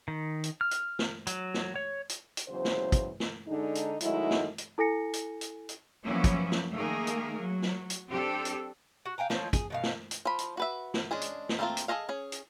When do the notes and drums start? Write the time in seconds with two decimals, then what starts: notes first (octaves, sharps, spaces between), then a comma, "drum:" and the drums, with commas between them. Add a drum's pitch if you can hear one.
0.08 D#3
0.44 drum: hi-hat
0.61 F6
0.71 drum: hi-hat
0.99 drum: snare
1.27 F#3, drum: hi-hat
1.54 drum: snare
1.76 C#5
2.09 drum: hi-hat
2.37 drum: hi-hat
2.48 E2 C#3 F#3 C5
2.65 drum: snare
2.92 drum: kick, hi-hat
3.20 drum: snare
3.48 D3 G#3 D4 D#4
3.75 drum: hi-hat
4.01 D#3 F#3 G#3 A3 D#4 E4, drum: hi-hat
4.31 drum: snare
4.58 drum: hi-hat
4.78 E4 A4 G#5 A#6 C#7
5.13 drum: hi-hat
5.41 drum: hi-hat
5.69 drum: hi-hat
6.04 F3 F#3 A#3 B3 C#4 E4
6.24 drum: kick, hi-hat
6.52 drum: snare
6.72 D#3 A3 A#3 G#4 A#4
7.07 drum: hi-hat
7.39 F#3
7.62 drum: snare
7.90 drum: hi-hat
8.09 C4 D4 G4 A4
8.45 drum: hi-hat
9.06 F#4
9.18 F5 G5 G#5 A#5
9.30 F3 C4 C#5 D#5, drum: snare
9.53 G#4, drum: kick, hi-hat
9.70 B2 D#3 F5
9.83 drum: snare
10.11 drum: hi-hat
10.25 F3 B5
10.39 drum: hi-hat
10.57 F#4 B4 E5
10.94 drum: snare
11.11 G#3 C#4 D4 G#4
11.21 drum: hi-hat
11.49 drum: snare
11.59 G3 A3 A#3 C4 F4
11.77 drum: hi-hat
11.88 G#4 A4 C#5 D#5 F5
12.09 C#4 G#4
12.32 drum: hi-hat